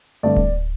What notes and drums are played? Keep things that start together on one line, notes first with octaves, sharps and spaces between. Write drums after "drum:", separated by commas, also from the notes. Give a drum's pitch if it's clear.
G2 D3 A3 C4 D5
drum: kick D1